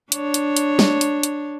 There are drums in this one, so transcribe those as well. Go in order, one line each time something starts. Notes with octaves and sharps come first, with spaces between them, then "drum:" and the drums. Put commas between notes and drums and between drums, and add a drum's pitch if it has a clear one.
D4 C#5, drum: hi-hat
drum: hi-hat
drum: hi-hat
drum: snare
drum: hi-hat
drum: hi-hat